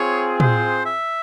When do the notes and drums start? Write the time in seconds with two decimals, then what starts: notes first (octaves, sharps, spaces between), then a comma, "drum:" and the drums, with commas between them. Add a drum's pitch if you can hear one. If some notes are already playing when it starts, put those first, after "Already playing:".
Already playing: C4 F4 G#4 C#5
0.40 C5, drum: tom
0.86 E5